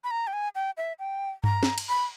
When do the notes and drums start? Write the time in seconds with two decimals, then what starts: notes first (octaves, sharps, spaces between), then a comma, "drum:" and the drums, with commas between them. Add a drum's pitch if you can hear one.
0.04 B5
0.11 A#5
0.27 G5
0.33 G#5
0.55 G5
0.77 E5
0.99 G5
1.44 A#5, drum: tom G2
1.63 drum: snare
1.78 drum: cymbal
1.89 B5